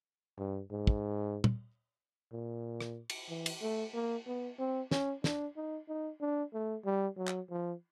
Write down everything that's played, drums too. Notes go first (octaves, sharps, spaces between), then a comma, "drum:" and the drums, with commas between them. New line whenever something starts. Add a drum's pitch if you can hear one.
G2
G#2
drum: kick
drum: tom
A#2
drum: rim click
drum: cymbal
E3
drum: cymbal
A3
A#3
B3
C4
C#4, drum: snare
D4, drum: snare
D#4
D#4
D4
A3
G3
F#3
drum: clap
F3